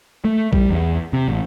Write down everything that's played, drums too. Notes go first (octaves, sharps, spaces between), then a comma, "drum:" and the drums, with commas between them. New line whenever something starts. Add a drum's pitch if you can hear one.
A3
G3, drum: kick A#1
E2
C3
A1